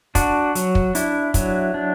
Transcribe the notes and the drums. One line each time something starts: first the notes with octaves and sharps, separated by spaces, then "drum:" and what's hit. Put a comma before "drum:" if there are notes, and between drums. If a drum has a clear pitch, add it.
D4 F#4, drum: kick, hi-hat
F#3, drum: hi-hat
drum: kick
D4 E4, drum: hi-hat
F#3, drum: kick, hi-hat
D4